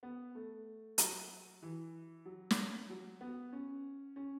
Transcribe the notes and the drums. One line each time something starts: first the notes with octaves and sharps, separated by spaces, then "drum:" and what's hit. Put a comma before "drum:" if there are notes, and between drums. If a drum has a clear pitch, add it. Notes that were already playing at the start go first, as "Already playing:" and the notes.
B3
A3
F#3, drum: hi-hat
E3
F#3
drum: snare
F#3
B3
C#4
C#4